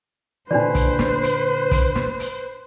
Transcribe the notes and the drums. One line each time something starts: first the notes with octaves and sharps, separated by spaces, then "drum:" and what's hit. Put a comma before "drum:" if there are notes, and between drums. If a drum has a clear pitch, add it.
A#2 D3 E3 D4 D#4 B4 C5 D5
drum: kick, hi-hat
drum: snare
drum: hi-hat
drum: kick, hi-hat
drum: snare
drum: hi-hat